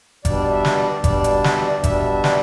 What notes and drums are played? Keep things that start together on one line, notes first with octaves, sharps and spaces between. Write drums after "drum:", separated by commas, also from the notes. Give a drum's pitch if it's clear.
B2 G3 D4 D5, drum: kick G1, hi-hat
E5
drum: snare
D5
B2 G3 D4 D5, drum: kick G1, hi-hat
drum: hi-hat
D5, drum: snare
E5
D5
B2 G3 D4 E5, drum: kick G1, hi-hat
E5
D5, drum: snare